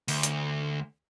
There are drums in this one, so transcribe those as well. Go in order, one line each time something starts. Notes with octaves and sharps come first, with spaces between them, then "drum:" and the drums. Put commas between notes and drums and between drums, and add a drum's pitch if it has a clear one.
D2, drum: open hi-hat
drum: hi-hat